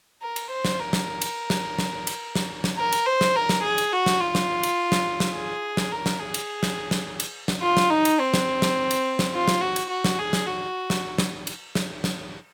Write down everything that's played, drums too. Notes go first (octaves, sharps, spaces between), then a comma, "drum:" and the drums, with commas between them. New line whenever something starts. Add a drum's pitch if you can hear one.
A#4
drum: cymbal
C5
drum: snare
A#4
drum: snare
drum: cymbal
drum: snare
drum: snare
drum: cymbal
drum: snare
drum: snare
A#4
drum: cymbal
C5
drum: snare
A#4
drum: snare
G#4
drum: cymbal
F#4
drum: snare
F4
drum: snare
drum: cymbal
drum: snare
drum: snare
G#4
drum: snare
A#4
drum: snare
G#4
drum: cymbal
drum: snare
drum: snare
drum: cymbal
drum: snare
F4
drum: snare
D#4
drum: cymbal
C4
drum: snare
drum: snare
drum: cymbal
drum: snare
F4
drum: snare
F#4
drum: cymbal
F#4
drum: snare
G#4
drum: snare
F#4
drum: snare
drum: snare
drum: cymbal
drum: snare
drum: snare